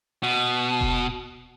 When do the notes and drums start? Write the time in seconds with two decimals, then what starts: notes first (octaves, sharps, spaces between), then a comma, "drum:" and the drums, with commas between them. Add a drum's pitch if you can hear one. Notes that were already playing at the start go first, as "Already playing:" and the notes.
0.23 B2
0.81 drum: kick E1